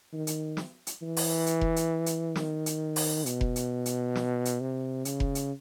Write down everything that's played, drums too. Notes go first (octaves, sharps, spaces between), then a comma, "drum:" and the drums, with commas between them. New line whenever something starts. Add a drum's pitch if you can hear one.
D#3
drum: hi-hat
drum: snare
drum: hi-hat
E3
drum: open hi-hat
drum: hi-hat
drum: kick F1
drum: hi-hat
drum: hi-hat
D#3, drum: snare
drum: hi-hat
drum: open hi-hat
B2, drum: hi-hat
drum: kick F1
drum: hi-hat
drum: hi-hat
drum: snare
drum: hi-hat
C3
C#3, drum: hi-hat
drum: kick F1
drum: hi-hat